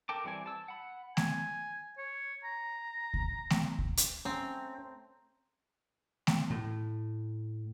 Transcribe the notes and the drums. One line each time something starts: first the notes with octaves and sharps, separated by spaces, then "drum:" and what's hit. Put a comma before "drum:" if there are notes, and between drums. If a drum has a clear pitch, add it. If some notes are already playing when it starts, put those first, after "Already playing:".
A4 A#4 G5 A5 D6
E3 G3 C4 D5 G#5
A5 E6
F#5 B5
G#5, drum: snare A3
C#5
A#5
drum: kick C#2
drum: snare A3
drum: kick C#2
drum: hi-hat
A3 C4 C#4 A#5
drum: snare A3
A2